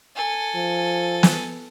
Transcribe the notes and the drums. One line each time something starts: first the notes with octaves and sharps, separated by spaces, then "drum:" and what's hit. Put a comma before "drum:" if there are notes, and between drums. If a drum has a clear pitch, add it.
A4 G#5
F3
drum: snare